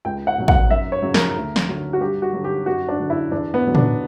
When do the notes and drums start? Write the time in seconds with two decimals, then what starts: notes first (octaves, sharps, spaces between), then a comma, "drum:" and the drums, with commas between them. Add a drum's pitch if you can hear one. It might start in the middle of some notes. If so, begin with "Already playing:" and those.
0.05 C#2 G5
0.27 F#5
0.38 B2 F#3
0.48 F#5, drum: kick
0.70 F#2 E5
0.92 C#5
1.02 C#3 F#3
1.14 A#4, drum: snare
1.36 D2
1.56 drum: snare
1.69 D3 F#3
1.93 F#4
2.01 G2 G4
2.22 F#4
2.33 D3 F#3
2.44 G4
2.66 F#2 F#4
2.89 D4
2.99 D3 F#3
3.10 E4
3.32 E2 D4
3.54 B3
3.65 D3 F#3
3.75 D4, drum: tom